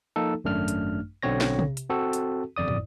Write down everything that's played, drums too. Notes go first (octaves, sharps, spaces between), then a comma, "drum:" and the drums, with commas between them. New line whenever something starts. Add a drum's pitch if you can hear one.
F3 A#3 D#4 A4
G#1 F#2 A3 D4 F6
drum: hi-hat
B1 B2 D3 C4 C#5 A#6
drum: snare
drum: tom
drum: hi-hat
C4 F#4 A4
drum: hi-hat
G1 F2 D5 D#6
drum: tom